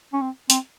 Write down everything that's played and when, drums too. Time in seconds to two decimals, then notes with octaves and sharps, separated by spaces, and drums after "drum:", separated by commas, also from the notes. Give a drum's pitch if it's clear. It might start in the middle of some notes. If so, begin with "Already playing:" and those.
0.13 C#4
0.21 C4
0.50 C4, drum: hi-hat